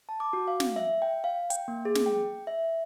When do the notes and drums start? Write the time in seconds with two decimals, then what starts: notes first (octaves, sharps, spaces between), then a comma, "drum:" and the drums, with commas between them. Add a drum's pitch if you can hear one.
0.09 A5
0.20 D6
0.33 F#4
0.48 F5
0.60 drum: snare
0.76 E5
1.02 G5
1.24 F5
1.50 G5, drum: hi-hat
1.68 A#3
1.85 G#4
1.95 drum: snare
2.06 G5
2.47 E5